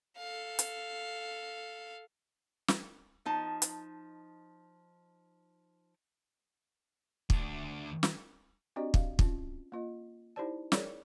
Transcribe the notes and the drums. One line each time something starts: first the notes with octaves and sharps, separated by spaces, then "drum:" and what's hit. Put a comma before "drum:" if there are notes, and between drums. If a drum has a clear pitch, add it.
A4 F5
drum: hi-hat
drum: snare
F3 D#4 A5
drum: hi-hat
D2 D4, drum: kick
drum: snare
C4 D4 F#4 G4 D5 D#5
F5, drum: kick
C#4 F4, drum: kick
A#3 F4 D#5
D#4 E4 G4 C5 D5 A5
G#4 A#4 C#5 D5, drum: snare